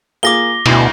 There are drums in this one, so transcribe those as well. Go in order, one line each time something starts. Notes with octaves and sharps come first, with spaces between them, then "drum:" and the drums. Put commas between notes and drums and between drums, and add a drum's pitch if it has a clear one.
A#3 F4 G#4 D6 A#6 G7
D2 B2 E4, drum: cymbal